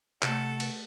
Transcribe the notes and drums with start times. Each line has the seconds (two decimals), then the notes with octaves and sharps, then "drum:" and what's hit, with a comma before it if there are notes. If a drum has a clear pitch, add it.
0.22 C3 A3 A4 F#5, drum: clap
0.60 drum: cymbal